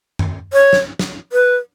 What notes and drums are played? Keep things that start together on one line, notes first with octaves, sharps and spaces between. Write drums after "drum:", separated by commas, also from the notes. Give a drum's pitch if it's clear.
drum: tom F#2
C#5
drum: snare
drum: snare
B4